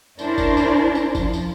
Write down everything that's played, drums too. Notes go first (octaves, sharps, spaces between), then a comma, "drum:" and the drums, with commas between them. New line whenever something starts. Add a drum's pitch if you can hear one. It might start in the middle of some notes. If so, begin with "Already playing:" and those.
C#4 D4 E4 A#4 C5, drum: tambourine
drum: kick, tambourine
drum: tambourine
drum: tambourine
F3, drum: kick, tambourine
drum: tambourine